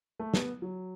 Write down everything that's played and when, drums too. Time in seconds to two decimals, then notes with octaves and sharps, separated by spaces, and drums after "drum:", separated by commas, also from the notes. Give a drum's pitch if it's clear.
0.20 A3
0.34 B3, drum: snare
0.62 F#3